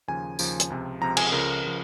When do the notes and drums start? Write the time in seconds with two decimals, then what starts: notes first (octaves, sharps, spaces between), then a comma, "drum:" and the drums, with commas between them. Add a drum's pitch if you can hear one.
0.08 D#2 C#3 F3 G#5
0.39 D#2 C#3 F3, drum: tambourine
0.60 drum: hi-hat
0.70 C#2 C3 F3
1.01 C#2 C3 F3 A#5
1.17 G#5, drum: cymbal
1.32 C#2 C#3 F3 A#4
1.64 C#3 F3